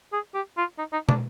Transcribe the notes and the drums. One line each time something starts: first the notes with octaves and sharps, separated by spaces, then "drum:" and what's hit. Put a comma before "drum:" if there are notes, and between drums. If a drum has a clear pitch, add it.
G#4
G4
F4
D#4
D#4
D4, drum: tom